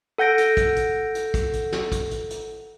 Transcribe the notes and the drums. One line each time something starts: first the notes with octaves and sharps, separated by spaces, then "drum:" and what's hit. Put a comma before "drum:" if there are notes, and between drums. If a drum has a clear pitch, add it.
A4 F#5 G6 A#6 D7
drum: hi-hat
drum: kick, hi-hat
drum: hi-hat
drum: hi-hat
drum: kick, hi-hat
drum: hi-hat
drum: snare
drum: kick, hi-hat
drum: hi-hat
drum: hi-hat